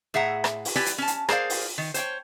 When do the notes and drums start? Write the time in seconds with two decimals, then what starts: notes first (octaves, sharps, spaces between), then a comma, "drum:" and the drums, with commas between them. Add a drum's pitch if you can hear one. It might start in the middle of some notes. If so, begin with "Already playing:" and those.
0.14 A2 G#4 E5 F#5 A#5
0.44 drum: rim click
0.65 drum: open hi-hat
0.76 E4 G4 B4 D5 G5 G#5
0.86 drum: hi-hat
0.98 C#4 A5
1.07 drum: hi-hat
1.29 G#4 A#4 C5 D5 F5, drum: rim click
1.50 drum: open hi-hat
1.78 D#3
1.94 C5 C#5 G5, drum: hi-hat